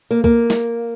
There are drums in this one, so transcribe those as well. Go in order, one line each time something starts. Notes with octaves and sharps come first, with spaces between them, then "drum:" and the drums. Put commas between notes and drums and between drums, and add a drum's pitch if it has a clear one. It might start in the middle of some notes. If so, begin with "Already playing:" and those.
A#3
A#3, drum: kick
drum: snare